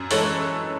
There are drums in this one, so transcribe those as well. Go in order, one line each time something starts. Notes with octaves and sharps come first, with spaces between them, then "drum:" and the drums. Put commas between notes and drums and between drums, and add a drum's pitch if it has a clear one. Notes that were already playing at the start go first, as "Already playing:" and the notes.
Already playing: F#2
E3 G#3 A4 C#5, drum: open hi-hat